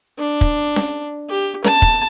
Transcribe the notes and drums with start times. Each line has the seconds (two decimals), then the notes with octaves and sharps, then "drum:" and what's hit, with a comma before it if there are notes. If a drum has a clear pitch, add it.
0.19 D4
0.41 drum: kick
0.76 drum: snare C#4
1.29 G4
1.64 A5, drum: snare C#4
1.82 drum: kick